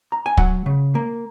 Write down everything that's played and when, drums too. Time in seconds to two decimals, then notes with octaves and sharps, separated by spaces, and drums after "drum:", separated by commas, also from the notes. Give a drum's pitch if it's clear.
0.12 A#5
0.26 G#5
0.37 F#3 F#5, drum: kick
0.66 C#3
0.95 A#3